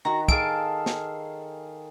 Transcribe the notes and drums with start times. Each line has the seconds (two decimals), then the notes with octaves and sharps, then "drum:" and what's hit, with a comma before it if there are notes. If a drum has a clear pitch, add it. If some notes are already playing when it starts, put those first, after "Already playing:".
0.05 D#3 F#4 A#5
0.28 G#4 A4 E5 F5 A5 D7, drum: kick
0.86 drum: snare